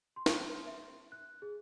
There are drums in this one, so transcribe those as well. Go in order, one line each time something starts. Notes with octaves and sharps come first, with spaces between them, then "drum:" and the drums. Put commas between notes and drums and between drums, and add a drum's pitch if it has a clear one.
C6
drum: snare
E5
F#6
G#4